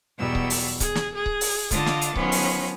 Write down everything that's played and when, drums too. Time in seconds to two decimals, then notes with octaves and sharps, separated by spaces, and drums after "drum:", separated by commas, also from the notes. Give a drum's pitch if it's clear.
0.18 E2 B2 F#3 G3 E6
0.35 drum: kick C#1
0.50 drum: open hi-hat
0.80 G#4, drum: kick C#1, hi-hat
0.95 drum: snare
1.15 G#4
1.26 drum: kick C#1
1.41 drum: open hi-hat
1.71 D3 F4 D#5 F5 A5 D6, drum: kick C#1, hi-hat
1.86 drum: snare
2.01 drum: hi-hat
2.16 D#3 F3 F#3 B3 C#4, drum: kick C#1
2.32 drum: open hi-hat